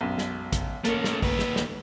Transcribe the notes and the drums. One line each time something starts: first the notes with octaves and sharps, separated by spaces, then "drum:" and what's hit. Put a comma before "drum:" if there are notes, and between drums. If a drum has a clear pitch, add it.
B1 F#2
drum: snare
drum: kick, hi-hat
A3 A#3 C#4, drum: hi-hat
drum: snare
D#2 B4, drum: kick, open hi-hat
drum: snare
drum: snare